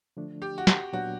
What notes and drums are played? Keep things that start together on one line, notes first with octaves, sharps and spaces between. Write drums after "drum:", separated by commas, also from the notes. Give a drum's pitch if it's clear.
D3 F3 A3 D4
G4
F#4
G4, drum: snare
A#2 F#3 B3 D4 F#4